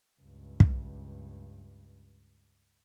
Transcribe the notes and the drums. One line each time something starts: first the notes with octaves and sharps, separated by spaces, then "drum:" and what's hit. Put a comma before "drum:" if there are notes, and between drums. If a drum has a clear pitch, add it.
C#2 G2
drum: kick